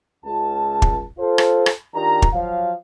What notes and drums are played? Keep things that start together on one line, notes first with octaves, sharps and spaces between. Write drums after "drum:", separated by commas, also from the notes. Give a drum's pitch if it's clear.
C#2 A5
drum: kick
F4 A4 C5
drum: rim click
drum: rim click
D#3 D4 F4 G4 A#5
drum: kick
F3 F#3 F#4 F5